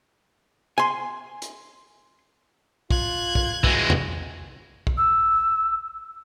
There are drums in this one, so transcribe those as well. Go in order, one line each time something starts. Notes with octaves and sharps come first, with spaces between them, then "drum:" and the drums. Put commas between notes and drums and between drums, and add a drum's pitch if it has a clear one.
G#5 C6
drum: hi-hat
F4 F#6 G#6, drum: kick
drum: kick
E3 G#3 F#4, drum: kick
drum: tom
drum: kick
E6